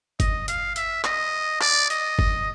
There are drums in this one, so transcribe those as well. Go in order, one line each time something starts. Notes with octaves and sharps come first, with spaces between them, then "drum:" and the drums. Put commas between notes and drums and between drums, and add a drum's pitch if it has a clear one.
D#5, drum: kick, hi-hat
F5, drum: hi-hat
E5, drum: hi-hat
D#5, drum: clap
D5, drum: clap
D#5, drum: hi-hat
drum: kick